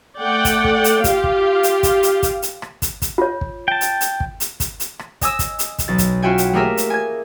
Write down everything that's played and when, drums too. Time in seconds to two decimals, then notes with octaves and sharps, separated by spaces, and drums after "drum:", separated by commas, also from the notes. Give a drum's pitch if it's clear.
0.20 A3 D5 F#5 G5
0.45 drum: kick, hi-hat
0.64 drum: kick
0.84 drum: hi-hat
1.04 F4 G4 F5, drum: kick, hi-hat
1.24 drum: kick
1.63 drum: hi-hat
1.83 drum: kick, hi-hat
2.03 drum: hi-hat
2.23 drum: kick, hi-hat
2.42 drum: hi-hat
2.62 drum: rim click
2.82 drum: kick, hi-hat
3.02 drum: kick, hi-hat
3.18 F4 C#5
3.41 drum: kick
3.68 G5 A5
3.81 drum: hi-hat
4.01 drum: hi-hat
4.20 drum: kick
4.40 drum: hi-hat
4.60 drum: kick, hi-hat
4.80 drum: hi-hat
4.99 drum: rim click
5.21 D#5 G#5 D#6 E6, drum: kick, hi-hat
5.39 drum: kick, hi-hat
5.59 drum: hi-hat
5.79 drum: kick, hi-hat
5.88 B1 A6
5.98 drum: kick, hi-hat
6.22 C#4 F4 F#4 E5 G5 G#5
6.38 drum: hi-hat
6.53 A3 A#3 G4 G#4 A#4 E5
6.77 drum: hi-hat
6.90 G#5 G#6